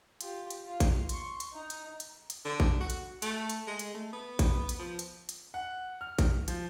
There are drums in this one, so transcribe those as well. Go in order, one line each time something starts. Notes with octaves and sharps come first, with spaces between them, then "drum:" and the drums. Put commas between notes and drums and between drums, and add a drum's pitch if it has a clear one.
F4 G4, drum: hi-hat
drum: hi-hat
F4 F5
drum: kick A1, hi-hat
C6 C#6, drum: hi-hat
drum: hi-hat
D#4 A#5
drum: hi-hat
drum: hi-hat
drum: hi-hat
D3
drum: kick A1
F#4
drum: hi-hat
A3, drum: hi-hat
drum: hi-hat
G#3
drum: hi-hat
A3
B3
drum: kick A1, hi-hat
drum: hi-hat
F3
drum: hi-hat
drum: hi-hat
F#5
F6
drum: kick A1, hi-hat
F3, drum: hi-hat